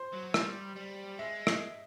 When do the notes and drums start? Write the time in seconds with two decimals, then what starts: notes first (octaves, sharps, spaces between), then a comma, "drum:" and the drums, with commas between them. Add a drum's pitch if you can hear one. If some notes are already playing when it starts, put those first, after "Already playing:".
Already playing: C5
0.13 F#3
0.34 G3, drum: rim click
0.76 G3
1.19 G#3 E5
1.47 D#5, drum: rim click